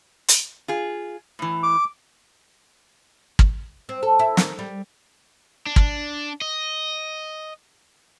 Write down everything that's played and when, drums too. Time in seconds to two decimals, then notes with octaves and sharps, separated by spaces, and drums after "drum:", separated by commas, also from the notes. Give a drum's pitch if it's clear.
0.28 drum: hi-hat
0.68 F4 G#4
1.39 A2 E3
1.63 D6
3.39 drum: kick
3.89 C4
4.03 A4
4.19 E4
4.37 D#3, drum: snare
4.59 G3
5.66 D4
5.76 drum: kick
6.42 D#5